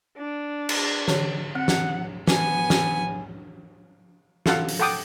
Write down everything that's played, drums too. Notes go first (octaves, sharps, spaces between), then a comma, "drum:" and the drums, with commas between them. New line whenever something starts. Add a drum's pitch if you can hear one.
D4
drum: cymbal
D3 C#5, drum: snare
C4 F#5
drum: snare
B3 G#5, drum: snare
drum: snare
F4 A4 F5 F#5, drum: snare
drum: open hi-hat
A4 F#5 G5 D6 D#6